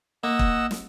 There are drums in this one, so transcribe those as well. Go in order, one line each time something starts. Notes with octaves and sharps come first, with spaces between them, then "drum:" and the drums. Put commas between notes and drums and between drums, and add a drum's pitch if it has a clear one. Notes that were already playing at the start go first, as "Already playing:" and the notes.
A#3 D#5 F#5 E6
drum: kick
drum: snare